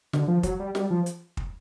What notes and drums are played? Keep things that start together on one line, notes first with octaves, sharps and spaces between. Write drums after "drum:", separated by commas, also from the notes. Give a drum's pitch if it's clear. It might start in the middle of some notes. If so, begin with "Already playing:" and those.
D3, drum: snare
F3
F#3, drum: kick, hi-hat
G3
G3, drum: snare
F3
drum: hi-hat
drum: kick